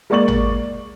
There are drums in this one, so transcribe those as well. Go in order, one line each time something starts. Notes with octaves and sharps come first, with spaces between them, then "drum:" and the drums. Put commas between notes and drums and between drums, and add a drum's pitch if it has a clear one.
G#3 A#3 D5 C#6 A6 F#7
drum: tom G#1